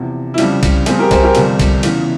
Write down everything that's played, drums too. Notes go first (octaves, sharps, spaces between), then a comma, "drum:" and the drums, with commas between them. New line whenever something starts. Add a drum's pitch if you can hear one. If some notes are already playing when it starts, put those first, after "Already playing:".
Already playing: E2 C3 F3
E4
F2 C#3 G3 F4, drum: cymbal
F4, drum: kick C2, cymbal
G2 F3 C4 F4 G#4, drum: cymbal
G4 A#4
G#4 C5, drum: kick C2, cymbal
G4 A#4
G1 F2 C3 G3 C4 F4, drum: cymbal
drum: kick C2, cymbal
E2 C#3 E3 F4, drum: cymbal